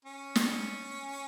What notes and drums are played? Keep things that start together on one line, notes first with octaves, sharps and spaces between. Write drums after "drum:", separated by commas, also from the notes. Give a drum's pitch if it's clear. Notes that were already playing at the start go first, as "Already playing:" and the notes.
C#4
drum: snare